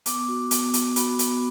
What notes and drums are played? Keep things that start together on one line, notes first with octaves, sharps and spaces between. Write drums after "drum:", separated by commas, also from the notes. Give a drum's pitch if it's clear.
B3 D6, drum: hi-hat
F#4
B3, drum: hi-hat
B3, drum: hi-hat
F#4 B5, drum: hi-hat
B3, drum: hi-hat